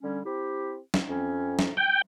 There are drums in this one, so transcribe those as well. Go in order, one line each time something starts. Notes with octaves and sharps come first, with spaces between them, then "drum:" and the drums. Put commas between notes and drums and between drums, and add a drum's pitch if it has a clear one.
D3 G3 C#4
C4 E4 G4
drum: snare
F2 C4 C#4
drum: snare
G5